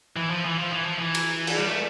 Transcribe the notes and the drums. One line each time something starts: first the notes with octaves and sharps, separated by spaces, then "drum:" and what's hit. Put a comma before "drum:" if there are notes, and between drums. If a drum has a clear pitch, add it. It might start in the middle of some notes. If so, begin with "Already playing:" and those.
E3
F3
E3
F3
E3
F3
E3
drum: cymbal
drum: cymbal
G3
A3